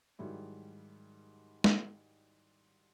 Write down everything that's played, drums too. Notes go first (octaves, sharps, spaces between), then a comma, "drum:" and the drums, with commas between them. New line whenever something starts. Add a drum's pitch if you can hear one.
G#2 D#3 F#3 G3 E4
drum: snare